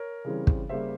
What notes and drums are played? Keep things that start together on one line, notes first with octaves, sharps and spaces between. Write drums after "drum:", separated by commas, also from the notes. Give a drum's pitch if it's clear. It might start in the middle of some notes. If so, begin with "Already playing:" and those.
Already playing: A#4 C#5
C#3 E3 G3 C4
drum: kick
C#3 G3 A#3 C5 E5